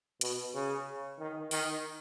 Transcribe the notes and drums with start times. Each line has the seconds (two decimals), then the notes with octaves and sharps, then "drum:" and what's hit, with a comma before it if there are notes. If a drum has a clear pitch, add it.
0.21 B2, drum: hi-hat
0.54 C#3
1.19 D#3
1.51 D#3, drum: open hi-hat